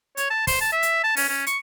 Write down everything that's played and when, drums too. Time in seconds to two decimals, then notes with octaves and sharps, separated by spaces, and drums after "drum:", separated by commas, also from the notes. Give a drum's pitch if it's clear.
0.17 C#5, drum: hi-hat
0.30 A5
0.47 C5, drum: kick, open hi-hat
0.61 A5
0.72 E5
0.83 drum: hi-hat
1.04 A5
1.17 C#4, drum: open hi-hat
1.29 C#4
1.47 C#6, drum: hi-hat